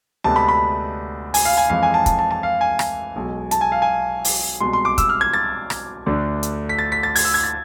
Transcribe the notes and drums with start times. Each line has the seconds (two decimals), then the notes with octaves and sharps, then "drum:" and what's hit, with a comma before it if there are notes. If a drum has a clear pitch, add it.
0.24 D2 C3 G#3 B3 D4 A5
0.36 B5
0.49 B5
1.34 G#5, drum: open hi-hat
1.45 F5
1.58 G#5
1.70 F2 E3 G#3 F5
1.83 G#5
1.94 A5
2.06 A5, drum: kick, hi-hat
2.19 A5
2.31 A5
2.43 F5
2.61 G#5
2.79 drum: rim click
3.16 B1 B2 G#3
3.51 A5, drum: hi-hat
3.61 G#5
3.72 F5
3.82 G#5
4.25 drum: open hi-hat
4.61 C2 B2 G#3 C6
4.73 C6
4.85 D6
4.98 E6, drum: kick, hi-hat
5.09 F6
5.21 G#6
5.33 A6
5.70 drum: rim click
6.06 D2 D3 A3 D4
6.43 drum: hi-hat
6.69 B6
6.79 A6
6.92 B6
7.03 A6
7.16 G#6, drum: open hi-hat
7.25 E6
7.34 G#6
7.43 A6